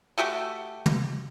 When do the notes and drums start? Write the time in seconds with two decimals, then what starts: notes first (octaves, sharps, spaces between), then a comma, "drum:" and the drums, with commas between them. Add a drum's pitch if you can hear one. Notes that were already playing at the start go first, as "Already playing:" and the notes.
0.18 A3 F#4 G4 A4
0.86 drum: tom